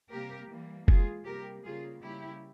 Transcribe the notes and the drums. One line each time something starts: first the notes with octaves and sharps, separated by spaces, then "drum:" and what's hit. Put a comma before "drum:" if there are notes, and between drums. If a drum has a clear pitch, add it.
C3 G3 A#3 G4 A#4
E3 G3 A#3
E3 G#3 F4 G#4, drum: kick F1
C3 G3 A#3 G4 A#4
C#3 G3 A#3 F4 G#4
C#3 G3 A#3 E4 G4